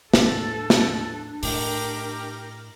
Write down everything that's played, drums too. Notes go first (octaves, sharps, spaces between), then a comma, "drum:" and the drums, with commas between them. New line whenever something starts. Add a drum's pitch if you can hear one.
A2 D4 A4, drum: snare
drum: snare
A2 G4 A#4, drum: open hi-hat